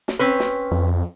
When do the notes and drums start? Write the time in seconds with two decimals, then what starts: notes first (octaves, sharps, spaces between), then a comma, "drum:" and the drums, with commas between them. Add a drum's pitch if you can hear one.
0.08 drum: snare
0.19 C4 C#4 B4
0.40 drum: snare
0.71 F2